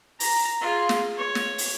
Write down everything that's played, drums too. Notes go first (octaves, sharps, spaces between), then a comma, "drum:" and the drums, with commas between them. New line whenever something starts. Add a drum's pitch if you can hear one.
A#5, drum: open hi-hat
F4 G#4
drum: snare
C#5
drum: snare
drum: open hi-hat